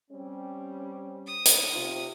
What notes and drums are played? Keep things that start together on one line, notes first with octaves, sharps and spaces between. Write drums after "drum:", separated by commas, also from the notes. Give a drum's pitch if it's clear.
G3 C4 C#4
D#6
drum: hi-hat
C3 F4